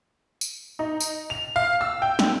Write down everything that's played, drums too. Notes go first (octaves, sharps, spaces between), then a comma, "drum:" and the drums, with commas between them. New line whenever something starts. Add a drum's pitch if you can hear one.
drum: tambourine
D#4
drum: tambourine
F7
F5
E6
G5
drum: snare